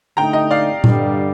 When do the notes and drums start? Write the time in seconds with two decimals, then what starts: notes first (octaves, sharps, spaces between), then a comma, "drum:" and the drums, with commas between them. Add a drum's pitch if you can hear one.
0.17 D3 A3 D#4 G5 A#5
0.33 D#5 G5
0.51 D5 F5
0.84 G2 D3 G3, drum: tom A#2